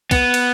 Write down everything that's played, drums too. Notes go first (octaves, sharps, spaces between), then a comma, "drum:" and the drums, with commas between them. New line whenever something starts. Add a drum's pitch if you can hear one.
B3, drum: kick, cymbal
drum: cymbal